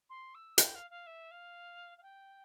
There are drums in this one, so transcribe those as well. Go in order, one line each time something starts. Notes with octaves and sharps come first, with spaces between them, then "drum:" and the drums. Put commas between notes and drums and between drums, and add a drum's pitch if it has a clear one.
C6
E6
G5, drum: hi-hat
F5
F5
E5
F5
F5
G5